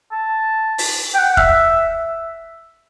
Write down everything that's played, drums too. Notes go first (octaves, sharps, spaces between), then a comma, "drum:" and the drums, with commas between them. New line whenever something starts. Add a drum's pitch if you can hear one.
A5
drum: open hi-hat
G5
F#5
E5, drum: kick F1